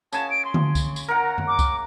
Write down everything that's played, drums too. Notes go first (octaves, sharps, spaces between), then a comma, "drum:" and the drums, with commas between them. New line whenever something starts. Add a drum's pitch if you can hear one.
C#3 G#5 A5, drum: tambourine
D7
C6
drum: tom D3
drum: kick C2, tambourine
drum: tambourine
A#4 F#5 A#5
drum: tom F#2
D6
drum: kick C2, tambourine